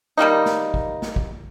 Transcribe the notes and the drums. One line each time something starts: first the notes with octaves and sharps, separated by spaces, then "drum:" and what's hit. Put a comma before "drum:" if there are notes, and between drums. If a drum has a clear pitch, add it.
D#3 G3 A#3 D#4
drum: snare
drum: kick
drum: snare
drum: kick